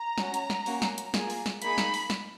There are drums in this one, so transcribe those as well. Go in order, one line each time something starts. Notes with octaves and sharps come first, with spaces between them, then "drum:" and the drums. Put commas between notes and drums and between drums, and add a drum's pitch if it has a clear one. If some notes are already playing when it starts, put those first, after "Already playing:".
Already playing: A#5
C#4 F#4, drum: snare
drum: hi-hat
drum: snare
A#3 C#4 F#4, drum: open hi-hat
drum: snare
drum: hi-hat
A#3 F4 G#4, drum: snare
drum: open hi-hat
drum: snare
A#3 D#4 G#4 B5, drum: hi-hat
drum: snare
drum: open hi-hat
drum: snare